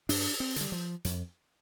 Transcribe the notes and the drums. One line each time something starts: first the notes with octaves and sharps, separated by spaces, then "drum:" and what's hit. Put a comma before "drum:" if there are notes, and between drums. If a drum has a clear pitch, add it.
G2 D4, drum: open hi-hat
C4
D3 G3, drum: hi-hat
F3
F2, drum: hi-hat